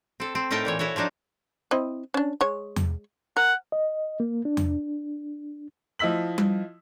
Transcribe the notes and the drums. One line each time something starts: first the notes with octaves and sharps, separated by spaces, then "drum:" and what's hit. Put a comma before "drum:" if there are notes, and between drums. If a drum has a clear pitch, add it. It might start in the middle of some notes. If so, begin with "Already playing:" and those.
C4 A4
C4
A2 A3 D#4 A#4 G5 A5
A#2 E3 C#5
E4 F#4 A4 C#5
F3 F#3 D4 D#4
C4 E4 D#5
C#4 D4
G#3 C#5
drum: tom E2
A#4 F#5
D#5
A#3
D4
drum: tom E2
F3 E4 D#5 E6 B6 F#7
drum: tom G3